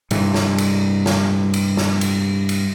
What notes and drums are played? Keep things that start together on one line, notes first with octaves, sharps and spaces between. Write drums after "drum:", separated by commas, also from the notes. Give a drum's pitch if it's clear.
G2 C3 E3, drum: cymbal
drum: snare
drum: cymbal
drum: snare
drum: cymbal
drum: snare
drum: cymbal
drum: cymbal